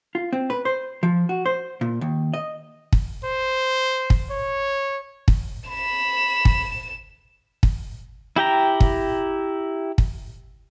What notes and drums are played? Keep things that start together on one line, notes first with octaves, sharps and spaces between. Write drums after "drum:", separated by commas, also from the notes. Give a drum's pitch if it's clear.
F4
C4
B4
C5
F3
F#4
C5
A#2
D#2
D#5
drum: kick
C5
drum: kick
C#5
drum: kick
B5 E7
drum: kick
drum: kick
E4 G4 G5 A#5
drum: kick
drum: kick